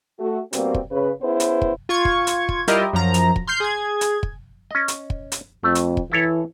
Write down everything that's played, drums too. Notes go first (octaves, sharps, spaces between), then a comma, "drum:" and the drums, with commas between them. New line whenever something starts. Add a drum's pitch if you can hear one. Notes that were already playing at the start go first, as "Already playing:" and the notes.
A3 F#4
B2 G3 A#3 C4, drum: hi-hat
drum: kick
C#3 B4
B3 C#4 E4 G#4 B4 C5
drum: hi-hat
drum: kick
F4 C#6 G#6
drum: kick
drum: hi-hat
drum: kick
G3 E4 F4 G4 A#4 D#5, drum: hi-hat
F#2 F3 A#5
drum: hi-hat
drum: kick
C6 F6 G6 C7
G#4 G#6
drum: hi-hat
drum: kick
C#4 D#5
drum: hi-hat
drum: kick
drum: hi-hat
F2 A3
drum: hi-hat
drum: kick
E3 E4 A4 C#5